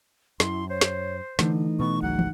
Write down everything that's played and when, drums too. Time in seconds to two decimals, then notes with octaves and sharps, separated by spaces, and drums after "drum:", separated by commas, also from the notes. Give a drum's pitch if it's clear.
0.40 F#2 E4 C6, drum: snare
0.69 C5 C#5
0.81 drum: snare
1.39 D3 E3 A3 D#4, drum: snare
1.80 B2 B3 C#6
2.02 G#1 C#2 F#3 F#5
2.19 drum: tom